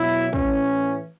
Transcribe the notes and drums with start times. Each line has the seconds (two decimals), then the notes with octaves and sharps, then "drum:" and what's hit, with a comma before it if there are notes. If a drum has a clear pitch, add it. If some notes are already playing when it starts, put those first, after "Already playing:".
Already playing: B2 F#3 E4
0.33 A2 E3 C#4, drum: kick